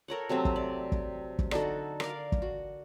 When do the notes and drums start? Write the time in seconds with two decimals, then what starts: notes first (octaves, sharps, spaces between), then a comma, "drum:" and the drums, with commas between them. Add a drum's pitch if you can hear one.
0.08 A4 A#4 C#5 F#5
0.29 C3 F#3 A3 C4
0.45 drum: kick
0.56 D5
0.92 drum: kick
1.39 drum: kick
1.51 D3 D#4 F#4 A4, drum: rim click
2.00 A#4 D5 F5, drum: rim click
2.32 drum: kick
2.42 F#4